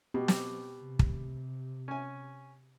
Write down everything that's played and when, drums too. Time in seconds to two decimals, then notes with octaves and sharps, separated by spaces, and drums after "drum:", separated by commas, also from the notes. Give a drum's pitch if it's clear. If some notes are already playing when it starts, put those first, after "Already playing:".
0.14 B2 G4
0.28 drum: snare
0.82 C3
0.99 drum: kick
1.88 C#4 G#5